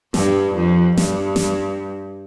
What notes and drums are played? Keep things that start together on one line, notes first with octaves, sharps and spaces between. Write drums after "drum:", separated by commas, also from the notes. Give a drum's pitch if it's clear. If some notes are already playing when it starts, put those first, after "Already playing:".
G2, drum: snare
F2
G2, drum: snare
drum: snare